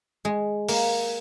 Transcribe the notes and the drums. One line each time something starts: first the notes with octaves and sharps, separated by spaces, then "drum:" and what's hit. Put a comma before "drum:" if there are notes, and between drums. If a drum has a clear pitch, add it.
G#3
A#3, drum: open hi-hat